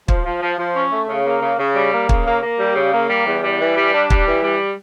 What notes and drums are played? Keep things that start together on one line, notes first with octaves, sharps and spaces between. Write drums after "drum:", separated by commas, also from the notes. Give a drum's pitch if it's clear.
F3, drum: kick
F3
F3
F3
C#4
A3
C#3
A#3
C#3
C#3
G3
A#3
C#3, drum: kick
A#3
A#3
G3
C#3
A#3
G3
E2
G3
E3
G3
D4
G3, drum: kick
E3
G3